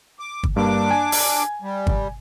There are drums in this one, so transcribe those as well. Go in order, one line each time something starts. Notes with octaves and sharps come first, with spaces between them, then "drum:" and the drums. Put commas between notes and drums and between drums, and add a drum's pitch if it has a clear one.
D6
drum: kick
G2 A#3 D4 D6
G#5
drum: open hi-hat
G3
drum: kick